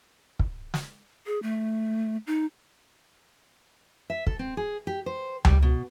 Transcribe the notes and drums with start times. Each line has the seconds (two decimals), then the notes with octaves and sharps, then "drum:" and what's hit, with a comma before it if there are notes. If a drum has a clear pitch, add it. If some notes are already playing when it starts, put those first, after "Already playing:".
0.39 drum: kick
0.74 drum: snare
1.26 G#4
1.43 A3
2.27 D#4
4.10 E5
4.27 A4, drum: kick
4.39 C4
4.57 G#4
4.87 G4
5.06 C5
5.45 G3, drum: tom C#2
5.62 B2